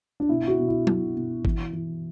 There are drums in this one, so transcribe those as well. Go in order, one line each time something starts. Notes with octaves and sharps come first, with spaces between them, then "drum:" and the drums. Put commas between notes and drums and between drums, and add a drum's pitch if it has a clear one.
D4
B2 E4
F#4
B2
E4
B2 E4, drum: tom F#3
B2
E3, drum: kick G#1
E3